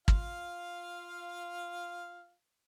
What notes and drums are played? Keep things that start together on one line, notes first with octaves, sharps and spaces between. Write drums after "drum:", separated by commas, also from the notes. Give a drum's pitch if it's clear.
F4 F5, drum: kick